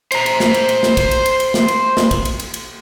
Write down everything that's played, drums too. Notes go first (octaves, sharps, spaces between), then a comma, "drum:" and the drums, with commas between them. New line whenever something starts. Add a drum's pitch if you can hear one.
C5 A#5, drum: cymbal
drum: cymbal
drum: snare
drum: cymbal
drum: cymbal
drum: snare
drum: kick, cymbal
drum: cymbal
drum: cymbal
drum: cymbal
drum: snare
drum: cymbal
drum: snare
drum: kick, cymbal
drum: cymbal
drum: cymbal
drum: cymbal